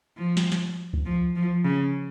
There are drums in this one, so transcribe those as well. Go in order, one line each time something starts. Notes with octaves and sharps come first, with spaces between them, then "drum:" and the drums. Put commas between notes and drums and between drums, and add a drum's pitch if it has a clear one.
F3
drum: snare
drum: snare
drum: kick C#2
F3
F3
C#3